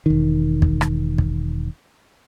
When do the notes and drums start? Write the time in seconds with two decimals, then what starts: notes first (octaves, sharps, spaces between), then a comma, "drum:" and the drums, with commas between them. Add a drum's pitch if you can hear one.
0.06 E1 D#3
0.62 drum: kick
0.81 drum: rim click
1.18 drum: kick